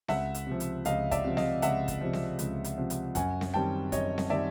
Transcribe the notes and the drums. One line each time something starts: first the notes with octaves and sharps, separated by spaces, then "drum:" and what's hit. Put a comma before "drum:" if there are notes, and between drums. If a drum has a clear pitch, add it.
C#2 E5 F#5, drum: snare C4
drum: hi-hat
C3 F3
drum: hi-hat
C#2 D#5 F5, drum: hi-hat
D5 E5, drum: kick, hi-hat
C3 F3
D#5 F5, drum: snare C4
C#2 E5 F#5, drum: hi-hat
drum: kick, hi-hat
C3 F3
drum: snare C4
C#2, drum: hi-hat
drum: hi-hat
C3 F3
drum: hi-hat
F#2 F#5 G#5, drum: kick, hi-hat
drum: snare C4
D#3 G3 C4 G5 A5
F#2 C#5 D#5, drum: kick, hi-hat
drum: snare C4
D#3 G3 C4 D5 E5